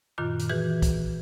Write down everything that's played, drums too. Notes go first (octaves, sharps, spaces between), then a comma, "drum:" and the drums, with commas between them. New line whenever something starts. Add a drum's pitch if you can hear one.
F#2 A#2 D#3 F4 F#6
drum: hi-hat
E3 F#4 G#4 B4 G6
drum: kick, hi-hat